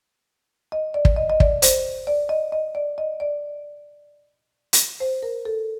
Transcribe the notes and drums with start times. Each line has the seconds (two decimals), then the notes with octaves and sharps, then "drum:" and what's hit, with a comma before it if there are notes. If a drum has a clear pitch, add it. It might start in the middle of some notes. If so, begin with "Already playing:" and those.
0.72 D#5
0.94 D5
1.05 drum: kick
1.16 D#5
1.30 D#5
1.40 D5, drum: kick
1.62 C5, drum: hi-hat
2.07 D5
2.29 D#5
2.52 D#5
2.75 D5
2.98 D#5
3.20 D5
4.73 drum: hi-hat
5.00 C5
5.23 A#4
5.45 A4